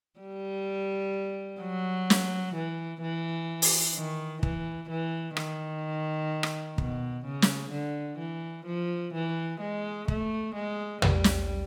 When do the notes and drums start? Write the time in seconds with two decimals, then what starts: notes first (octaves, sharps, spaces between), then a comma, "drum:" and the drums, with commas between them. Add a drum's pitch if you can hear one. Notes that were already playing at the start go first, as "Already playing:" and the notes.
0.20 G3
1.60 F#3
2.10 drum: snare
2.55 E3
3.02 E3
3.62 drum: open hi-hat
3.95 D#3
4.43 E3, drum: kick
4.90 E3
5.37 D#3, drum: rim click
6.43 drum: rim click
6.78 B2, drum: kick
7.25 C#3
7.42 drum: snare
7.72 D3
8.19 E3
8.66 F3
9.14 E3
9.61 G#3
10.08 A3, drum: kick
10.55 G#3
11.02 G3, drum: tom
11.24 drum: snare